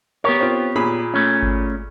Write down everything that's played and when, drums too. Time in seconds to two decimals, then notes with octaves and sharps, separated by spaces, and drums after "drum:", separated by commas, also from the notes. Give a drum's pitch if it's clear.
0.24 B3 G4 A#4 C#5
0.41 C4 F4
0.76 A#2 G#4 B5
1.14 A3 C#4
1.43 drum: kick G#1